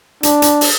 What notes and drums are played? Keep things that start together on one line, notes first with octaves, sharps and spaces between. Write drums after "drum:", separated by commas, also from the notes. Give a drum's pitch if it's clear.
D4, drum: hi-hat
drum: hi-hat
drum: open hi-hat